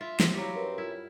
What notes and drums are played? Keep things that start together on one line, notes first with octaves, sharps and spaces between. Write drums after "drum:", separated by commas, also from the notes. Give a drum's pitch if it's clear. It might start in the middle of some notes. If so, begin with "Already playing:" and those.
F4 E5
drum: snare
F#3 G3 C4 E4 F5
F#2 A#4 B4
E4 F4